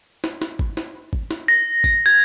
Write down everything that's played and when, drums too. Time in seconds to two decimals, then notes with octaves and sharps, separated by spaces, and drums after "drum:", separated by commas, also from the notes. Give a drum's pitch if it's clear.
0.24 drum: snare
0.42 drum: snare
0.59 drum: kick G#1
0.77 drum: snare
1.13 drum: kick G#1
1.31 drum: snare
1.48 A#6
1.84 drum: kick G#1
2.06 G#6